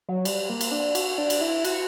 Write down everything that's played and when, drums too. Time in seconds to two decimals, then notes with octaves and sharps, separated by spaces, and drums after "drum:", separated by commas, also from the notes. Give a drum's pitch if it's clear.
0.09 F#3
0.25 G3, drum: cymbal
0.50 A#3
0.61 drum: cymbal
0.72 D4
0.95 F#4, drum: cymbal
1.18 D4
1.30 drum: cymbal
1.41 E4
1.64 F#4, drum: cymbal